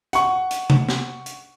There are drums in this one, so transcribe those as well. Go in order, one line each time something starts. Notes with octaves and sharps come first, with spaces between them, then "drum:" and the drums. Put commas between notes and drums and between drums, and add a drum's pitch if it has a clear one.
F#5 C#6, drum: hi-hat
drum: hi-hat
drum: tom C3
drum: snare
drum: hi-hat